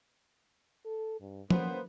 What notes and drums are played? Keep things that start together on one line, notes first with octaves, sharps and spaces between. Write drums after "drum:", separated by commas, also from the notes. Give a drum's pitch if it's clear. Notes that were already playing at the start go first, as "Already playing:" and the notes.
A4
G2
A#3 B3 C#4 C5, drum: tom